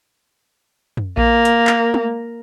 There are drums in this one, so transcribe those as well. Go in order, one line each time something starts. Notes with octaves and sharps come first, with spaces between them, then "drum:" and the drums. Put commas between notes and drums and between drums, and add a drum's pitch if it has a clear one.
drum: tom
A#3, drum: kick A#1
drum: hi-hat
drum: clap
drum: tom